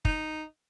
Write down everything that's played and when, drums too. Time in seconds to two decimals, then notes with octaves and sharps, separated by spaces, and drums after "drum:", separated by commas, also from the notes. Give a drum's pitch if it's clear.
0.05 D#4, drum: kick